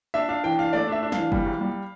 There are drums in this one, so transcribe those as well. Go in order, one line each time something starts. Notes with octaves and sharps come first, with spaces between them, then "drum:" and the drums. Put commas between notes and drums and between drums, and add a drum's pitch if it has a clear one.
D4 E5
D4 F5
E3 G5
D4 F5
A3 D5
D4 E5
D4
F5, drum: snare
E3
G3, drum: kick F#1
C2
G3